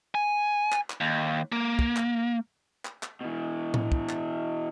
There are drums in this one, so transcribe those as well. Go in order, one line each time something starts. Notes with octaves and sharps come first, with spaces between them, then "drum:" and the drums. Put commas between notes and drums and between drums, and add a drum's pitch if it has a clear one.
G#5
drum: clap
drum: clap
D#2
A#3
drum: kick
drum: clap
drum: clap
drum: clap
B2 E3
drum: tom A2
drum: kick
drum: clap